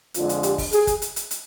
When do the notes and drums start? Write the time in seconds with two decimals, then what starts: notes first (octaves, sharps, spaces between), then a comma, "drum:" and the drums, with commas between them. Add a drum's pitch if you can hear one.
0.14 F2 D3 G#3 F4, drum: hi-hat
0.29 drum: hi-hat
0.43 G4, drum: hi-hat
0.58 drum: kick, open hi-hat
0.73 G#4, drum: hi-hat
0.87 drum: kick, hi-hat
1.02 drum: hi-hat
1.16 drum: hi-hat
1.31 drum: hi-hat